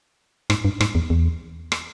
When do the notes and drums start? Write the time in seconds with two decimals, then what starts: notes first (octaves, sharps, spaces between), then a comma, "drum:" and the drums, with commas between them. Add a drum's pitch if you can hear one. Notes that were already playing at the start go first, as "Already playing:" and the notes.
0.50 G#2, drum: rim click
0.65 G2
0.81 G#2, drum: rim click
0.95 E2
1.10 E2
1.72 drum: rim click